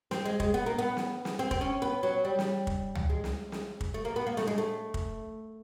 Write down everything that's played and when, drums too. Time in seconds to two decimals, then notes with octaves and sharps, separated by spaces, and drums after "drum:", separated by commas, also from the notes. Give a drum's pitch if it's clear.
0.11 C4, drum: snare
0.25 G#3
0.40 G#3, drum: kick
0.54 B3
0.66 A#3
0.78 B3
0.97 drum: snare
1.25 drum: snare
1.39 C4
1.51 C4, drum: kick
1.61 C#4
1.82 B3
2.03 F#3
2.25 G3
2.39 drum: snare
2.67 drum: kick
2.95 drum: tom
3.10 G#3
3.24 drum: snare
3.52 drum: snare
3.81 drum: kick
3.94 A3
4.05 A#3
4.16 B3
4.27 A#3
4.37 A3, drum: snare
4.47 G#3
4.58 A3
4.94 drum: kick